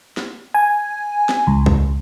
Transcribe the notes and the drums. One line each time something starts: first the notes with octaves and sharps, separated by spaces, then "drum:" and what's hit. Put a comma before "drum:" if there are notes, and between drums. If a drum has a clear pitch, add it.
drum: snare
G#5
drum: snare
C#2
drum: kick